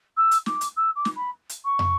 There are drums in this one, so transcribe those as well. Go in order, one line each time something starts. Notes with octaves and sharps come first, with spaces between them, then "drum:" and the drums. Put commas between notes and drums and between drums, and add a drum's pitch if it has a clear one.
E6
drum: hi-hat
D6, drum: snare
drum: hi-hat
E6
D6
drum: snare
B5
drum: hi-hat
C#6
drum: tom